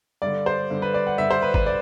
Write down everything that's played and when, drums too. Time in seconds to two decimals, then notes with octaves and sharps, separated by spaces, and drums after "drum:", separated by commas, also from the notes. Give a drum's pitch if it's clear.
0.22 G2 D3 D5
0.46 C5
0.70 G2 D3
0.82 B4
0.94 D5
1.07 F#5
1.18 G2 D3 E5
1.31 C5
1.42 B4
1.54 B4, drum: kick
1.66 D5